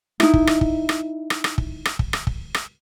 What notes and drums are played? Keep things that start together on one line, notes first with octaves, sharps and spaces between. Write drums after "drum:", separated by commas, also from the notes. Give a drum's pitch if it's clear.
D#4 E4, drum: rim click
drum: kick
drum: rim click
drum: kick
drum: rim click
drum: rim click
drum: rim click
drum: kick
drum: rim click
drum: kick
drum: rim click
drum: kick
drum: rim click